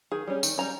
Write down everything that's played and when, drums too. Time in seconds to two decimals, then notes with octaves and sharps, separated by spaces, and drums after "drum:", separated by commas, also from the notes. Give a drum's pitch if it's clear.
0.12 D#3 G#4
0.27 G3 C#4
0.43 D#3, drum: tambourine
0.58 G3 C#4 A#5